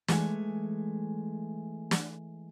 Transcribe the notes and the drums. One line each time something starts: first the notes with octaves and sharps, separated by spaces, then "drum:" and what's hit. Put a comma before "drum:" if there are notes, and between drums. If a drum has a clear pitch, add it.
E3 G#3 A3 E5 G#5, drum: snare
drum: snare